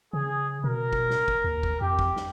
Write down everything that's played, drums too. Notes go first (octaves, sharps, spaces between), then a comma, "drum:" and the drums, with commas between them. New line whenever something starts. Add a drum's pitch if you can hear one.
C#3 G#4
B2 A#4
drum: kick
drum: snare
drum: kick
D#2
drum: kick
F2 G4
drum: kick
drum: snare